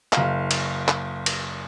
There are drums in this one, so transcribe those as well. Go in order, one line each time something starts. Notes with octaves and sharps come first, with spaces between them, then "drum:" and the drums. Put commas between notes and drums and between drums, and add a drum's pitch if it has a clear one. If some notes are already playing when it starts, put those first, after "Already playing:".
F#1 F5, drum: clap
drum: cymbal
drum: clap
drum: cymbal